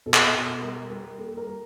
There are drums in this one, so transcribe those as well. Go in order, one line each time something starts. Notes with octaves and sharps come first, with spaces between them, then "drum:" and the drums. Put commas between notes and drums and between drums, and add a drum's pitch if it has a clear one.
B2 A4
G#4, drum: clap
A4
B2
G3 A#4
G3 A#4
A#3 A4
A#4
G3